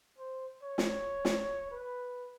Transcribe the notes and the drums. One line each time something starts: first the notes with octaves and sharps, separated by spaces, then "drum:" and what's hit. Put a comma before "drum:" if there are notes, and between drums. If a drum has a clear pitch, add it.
C5
C#5
drum: snare
drum: snare
B4